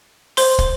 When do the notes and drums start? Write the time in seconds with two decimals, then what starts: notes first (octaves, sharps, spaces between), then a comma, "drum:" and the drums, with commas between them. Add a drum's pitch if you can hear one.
0.37 C5 C6, drum: open hi-hat
0.58 drum: kick